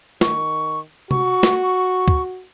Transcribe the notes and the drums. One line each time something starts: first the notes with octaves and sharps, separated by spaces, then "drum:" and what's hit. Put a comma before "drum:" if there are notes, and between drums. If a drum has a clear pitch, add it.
D#3 C#6, drum: snare
F#4 C#6, drum: tom C3
drum: snare
C#6
drum: kick